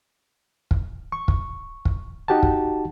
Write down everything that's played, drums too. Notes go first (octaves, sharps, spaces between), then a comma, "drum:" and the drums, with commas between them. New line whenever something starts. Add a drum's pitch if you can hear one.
drum: kick
C#6
drum: kick
drum: kick
D#4 F#4 G4 F#5 A5
drum: kick